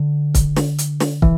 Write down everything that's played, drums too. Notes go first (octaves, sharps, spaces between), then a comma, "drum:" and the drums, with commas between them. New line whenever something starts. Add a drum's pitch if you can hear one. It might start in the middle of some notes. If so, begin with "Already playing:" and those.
Already playing: D3
drum: kick, hi-hat
drum: snare
drum: hi-hat
drum: snare
E3, drum: kick